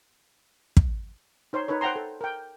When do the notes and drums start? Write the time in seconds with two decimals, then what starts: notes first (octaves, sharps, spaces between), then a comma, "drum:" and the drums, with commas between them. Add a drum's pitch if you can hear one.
0.77 drum: kick
1.53 D#4 C5 C#5 C6
1.68 D#4 A#4 B4 C#5
1.81 C5 F#5 G5 A#5 C6
1.96 A4
2.21 A#4 G5